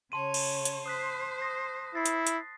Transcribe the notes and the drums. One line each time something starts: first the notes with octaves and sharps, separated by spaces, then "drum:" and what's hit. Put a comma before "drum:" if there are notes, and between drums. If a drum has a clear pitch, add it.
C#3 C#5 A5 C6 D#7
drum: cymbal
drum: hi-hat
C5 D#6 F#6 B6
D#6 A#6
E4 A6 C7
drum: hi-hat
drum: hi-hat